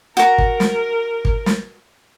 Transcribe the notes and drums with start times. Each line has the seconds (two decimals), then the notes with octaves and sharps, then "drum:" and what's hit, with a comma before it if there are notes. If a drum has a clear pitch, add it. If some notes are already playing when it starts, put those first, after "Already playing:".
0.17 F#4 A#4 A#5
0.38 drum: kick
0.60 drum: snare
1.25 drum: kick
1.46 drum: snare